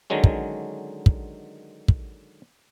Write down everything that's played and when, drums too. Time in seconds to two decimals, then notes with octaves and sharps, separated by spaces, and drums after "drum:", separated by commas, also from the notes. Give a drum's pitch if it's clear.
0.10 D3 D#3 F#3 G#3 C#4
0.24 drum: kick
1.06 drum: kick
1.88 drum: kick